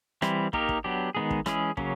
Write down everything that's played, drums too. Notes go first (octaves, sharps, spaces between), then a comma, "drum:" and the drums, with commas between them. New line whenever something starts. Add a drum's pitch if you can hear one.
E3 G3 C4 E4, drum: rim click
A#3 D#4 G4 A#4, drum: kick
drum: kick
F#3 B3 D4 G4
D#3 G#3 B3 D#4 G#4
drum: kick
E3 G#3 C#4 E4 G#4, drum: rim click
C#3 F#3 A#3 C#4, drum: kick